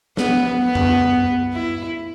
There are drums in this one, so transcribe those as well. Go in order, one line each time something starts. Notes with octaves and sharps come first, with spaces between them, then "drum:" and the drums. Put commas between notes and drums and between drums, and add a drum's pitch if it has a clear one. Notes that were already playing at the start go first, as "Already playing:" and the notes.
B3, drum: snare
B3
drum: tom F2
E4